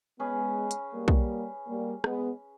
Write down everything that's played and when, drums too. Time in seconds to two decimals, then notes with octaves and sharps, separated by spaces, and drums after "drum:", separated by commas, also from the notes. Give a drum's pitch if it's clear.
0.19 G#3 B3 C#4 G#4 B4
0.71 drum: hi-hat
0.93 G3 A#3
1.08 drum: kick
1.67 G3 A#3
2.04 G#3 B3, drum: rim click